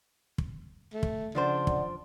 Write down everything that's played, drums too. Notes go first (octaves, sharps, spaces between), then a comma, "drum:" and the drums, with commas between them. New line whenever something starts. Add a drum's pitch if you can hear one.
drum: kick
A3
drum: kick
C#3 F3 D4 C5 D5 F#5 C6
drum: kick